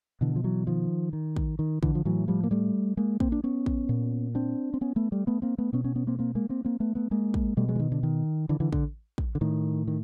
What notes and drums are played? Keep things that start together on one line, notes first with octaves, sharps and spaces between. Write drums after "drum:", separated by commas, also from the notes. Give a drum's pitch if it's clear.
B2 D3 E3
F3
E3 F#3
D#3 F3
D#3
drum: kick
D#3
D3 E3, drum: kick
F3
A2 E3 F#3
F3 G3
A#3
G3 A3
G#3 A#3
A#3 C4, drum: kick
D4
B3 C#4
drum: kick
A#2
C4 D4
C4
B3 C#4
A3 B3
G3 A3
A3 B3
A#3 C4
A3 B3
B2 B3 C#4
B3 C#4
B3 C#4
A#3 C4
A#3 C4
G#3 A#3
A#3 C4
A#3 C4
A3 B3
A3 B3
G#3 A#3
drum: kick
B2 G3 A3
F#3 G#3
E3
D#3
D3
D#3
D3 E3
D3 E3
D3, drum: kick
drum: kick
D3
A2 D#3
D#3